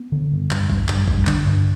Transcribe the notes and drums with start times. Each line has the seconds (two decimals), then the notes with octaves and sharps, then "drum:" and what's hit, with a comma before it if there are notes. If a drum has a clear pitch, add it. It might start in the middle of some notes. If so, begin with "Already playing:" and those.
Already playing: B3
0.12 D3
0.32 G2
0.51 G2, drum: clap
0.70 G2, drum: kick
0.89 G2, drum: clap
1.08 G2, drum: kick
1.27 D3 D4, drum: clap
1.45 G2